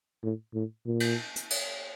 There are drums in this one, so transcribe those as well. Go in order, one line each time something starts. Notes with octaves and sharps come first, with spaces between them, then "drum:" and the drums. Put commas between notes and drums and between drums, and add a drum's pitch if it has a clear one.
A2
A2
A#2
drum: cymbal
drum: hi-hat
drum: cymbal